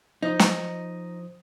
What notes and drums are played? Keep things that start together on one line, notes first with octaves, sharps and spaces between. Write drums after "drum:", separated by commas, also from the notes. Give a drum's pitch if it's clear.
F3 D#4 C5 D#6
drum: snare